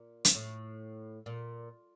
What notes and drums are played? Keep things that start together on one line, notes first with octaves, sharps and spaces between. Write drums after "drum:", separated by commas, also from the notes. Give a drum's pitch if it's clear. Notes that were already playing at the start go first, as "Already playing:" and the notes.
Already playing: A#2
drum: hi-hat
A2
A#2